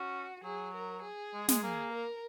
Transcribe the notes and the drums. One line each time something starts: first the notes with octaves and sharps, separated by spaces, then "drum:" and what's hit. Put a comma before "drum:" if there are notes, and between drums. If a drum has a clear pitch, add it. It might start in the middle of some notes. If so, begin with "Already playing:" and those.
Already playing: C#4 F#4
F#3 G#4
A#4
G#4
G#3
G#3, drum: snare
A#3
A#4